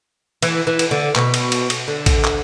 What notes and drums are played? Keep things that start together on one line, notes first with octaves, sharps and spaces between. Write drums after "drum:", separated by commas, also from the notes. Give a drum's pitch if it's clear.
E3, drum: cymbal
E3
drum: cymbal
D3
B2, drum: clap
drum: cymbal
drum: cymbal
drum: cymbal
D3
drum: kick, cymbal
drum: clap